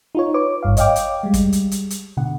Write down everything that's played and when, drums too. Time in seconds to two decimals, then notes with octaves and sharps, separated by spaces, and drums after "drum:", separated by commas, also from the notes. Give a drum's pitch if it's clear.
0.15 D#4 F4 C#5
0.34 B4 C#5 D6
0.63 G#1 G2 F5
0.77 C#5 D#5 F5 G5 D6, drum: hi-hat
0.96 drum: hi-hat
1.23 G3 G#3
1.34 drum: kick, hi-hat
1.53 drum: hi-hat
1.71 drum: hi-hat
1.90 drum: hi-hat
2.17 B2 D3 F#5